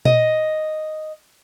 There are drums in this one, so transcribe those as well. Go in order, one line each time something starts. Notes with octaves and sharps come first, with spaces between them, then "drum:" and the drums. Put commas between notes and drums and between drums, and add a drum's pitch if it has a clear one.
D#5, drum: tom A#2